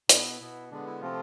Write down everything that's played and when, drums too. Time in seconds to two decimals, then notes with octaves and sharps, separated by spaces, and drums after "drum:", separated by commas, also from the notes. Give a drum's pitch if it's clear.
0.09 B2 B3 E4, drum: hi-hat
0.41 B2 B3
0.71 D3 G#3 B3 D4
0.86 E4
1.01 C3 F3 A3 C4 F4